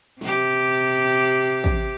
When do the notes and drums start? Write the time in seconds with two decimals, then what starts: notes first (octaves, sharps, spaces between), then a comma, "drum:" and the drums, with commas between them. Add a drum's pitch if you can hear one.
0.21 C3 G4, drum: snare
1.64 drum: kick A1